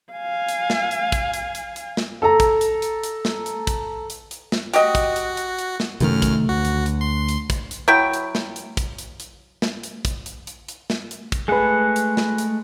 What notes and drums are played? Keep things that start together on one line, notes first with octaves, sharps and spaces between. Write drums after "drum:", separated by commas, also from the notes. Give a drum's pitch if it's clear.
F5 G#5
drum: hi-hat
drum: snare
drum: hi-hat
drum: kick, hi-hat
drum: hi-hat
drum: hi-hat
drum: hi-hat
drum: snare
A4 A#5
drum: kick, hi-hat
drum: hi-hat
drum: hi-hat
drum: hi-hat
drum: snare
drum: hi-hat
drum: kick, hi-hat
drum: hi-hat
drum: hi-hat
drum: snare
F#4 G4 D#5, drum: hi-hat
drum: kick, hi-hat
drum: hi-hat
drum: hi-hat
drum: hi-hat
drum: snare
F#2 C3 D#3 A3 F6, drum: hi-hat
drum: kick, hi-hat
D2 F#4
drum: hi-hat
drum: hi-hat
C6
drum: hi-hat
drum: kick, hi-hat
drum: hi-hat
F#3 E4 G5
drum: hi-hat
drum: snare
drum: hi-hat
drum: kick, hi-hat
drum: hi-hat
drum: hi-hat
drum: snare
drum: hi-hat
drum: kick, hi-hat
drum: hi-hat
drum: hi-hat
drum: hi-hat
drum: snare
drum: hi-hat
drum: kick, hi-hat
G#3 A3 G#4 B4 F#5
drum: hi-hat
drum: snare
drum: hi-hat